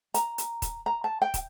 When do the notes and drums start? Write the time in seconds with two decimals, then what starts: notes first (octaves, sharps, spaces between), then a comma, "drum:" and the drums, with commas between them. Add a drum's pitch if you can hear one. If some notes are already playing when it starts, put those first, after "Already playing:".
0.14 A#5, drum: hi-hat
0.38 drum: hi-hat
0.62 drum: kick, hi-hat
0.86 A#5
1.04 A5
1.22 G5
1.34 drum: kick, hi-hat